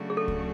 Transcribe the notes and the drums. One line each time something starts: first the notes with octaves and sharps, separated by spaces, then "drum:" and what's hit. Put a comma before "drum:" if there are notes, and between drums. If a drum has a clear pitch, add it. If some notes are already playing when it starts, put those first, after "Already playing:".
Already playing: C#3 F#3 A3 D4 F#4
G#4
A4
drum: kick C#2